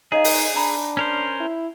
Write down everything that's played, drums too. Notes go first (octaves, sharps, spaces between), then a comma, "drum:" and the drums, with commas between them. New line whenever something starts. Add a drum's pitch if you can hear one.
D#4 G#4 C#5 D#5 F5
drum: open hi-hat
D4 G#5 A#5 B5
C#4 A#4 C5
E4